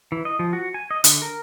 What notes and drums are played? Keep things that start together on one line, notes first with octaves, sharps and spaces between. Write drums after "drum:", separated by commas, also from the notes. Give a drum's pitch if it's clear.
E3
D#5
F3
F#4
G#5
D#5
D3, drum: hi-hat
A#4